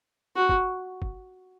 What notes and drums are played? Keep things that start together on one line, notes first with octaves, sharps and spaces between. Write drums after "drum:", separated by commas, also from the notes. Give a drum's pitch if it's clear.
F#4
drum: kick
drum: kick